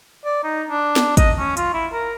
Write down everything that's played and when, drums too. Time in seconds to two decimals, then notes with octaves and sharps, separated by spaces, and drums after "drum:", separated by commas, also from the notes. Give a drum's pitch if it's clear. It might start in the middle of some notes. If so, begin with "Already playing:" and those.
0.25 D5
0.44 D#4
0.69 D4
0.96 drum: snare
1.17 D#5, drum: kick, hi-hat
1.38 C#4
1.57 F4, drum: hi-hat
1.74 E4
1.92 A#4